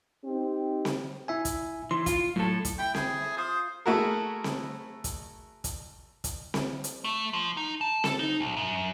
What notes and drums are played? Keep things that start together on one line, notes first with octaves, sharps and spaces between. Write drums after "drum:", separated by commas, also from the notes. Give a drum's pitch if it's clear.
C4 D#4 G4
drum: snare C4
E4 E5 G#5
drum: kick, hi-hat
E3 C6
F4, drum: kick, hi-hat
A2 F#3 A4
drum: kick, hi-hat
E4 G5
G#4, drum: snare C4
E4 A4
F4 C5 D#6
A3 E4 F#4 G#4 A#4
drum: snare C4
drum: kick, hi-hat
drum: kick, hi-hat
drum: kick, hi-hat
drum: snare C4
drum: hi-hat
A3
F3
D#4
A5
A4, drum: snare C4
D#4
B1
F#2